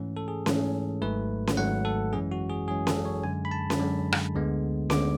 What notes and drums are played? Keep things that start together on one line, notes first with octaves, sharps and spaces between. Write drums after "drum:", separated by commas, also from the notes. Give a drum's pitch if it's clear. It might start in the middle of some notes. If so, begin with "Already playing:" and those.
Already playing: G#2 E3 A3 C#4
A4
G#4
G#2 E3 A3 C#4, drum: snare C#4
G#1 G#2 F#3 A3 B4
drum: snare C#4
G#1 G#2 F#3 A3 F#5
A4
F#2 E3 G#3 C#4 G#4
F#4
G#4
F#2 E3 G#3 C#4 G#4
A4, drum: snare C#4
C#5
F#2 D3 G#3 G#5
B5
A5
drum: snare C#4
F#2 D3 G#3
drum: rim click
D2 D3 G#3 B3
D2 D3 G#3 B3 D6, drum: snare C#4